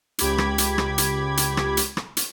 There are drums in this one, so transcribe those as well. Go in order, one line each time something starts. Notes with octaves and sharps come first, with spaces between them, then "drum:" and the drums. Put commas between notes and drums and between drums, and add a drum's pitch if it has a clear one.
C#2 G4 B5 D6 G#6 B6, drum: hi-hat
drum: rim click
drum: hi-hat
drum: rim click
drum: hi-hat
drum: hi-hat
drum: rim click
drum: hi-hat
drum: rim click
drum: hi-hat